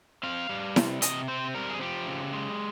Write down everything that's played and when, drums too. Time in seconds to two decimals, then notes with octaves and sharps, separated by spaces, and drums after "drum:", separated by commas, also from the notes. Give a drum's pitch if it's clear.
0.23 C4 F5
0.49 G3
0.76 C3, drum: snare E4
1.02 C3 D#5, drum: hi-hat
1.28 C4 C5
1.55 G3 A#4
1.69 G#4
1.81 F3 G4
2.07 C#3
2.33 G#3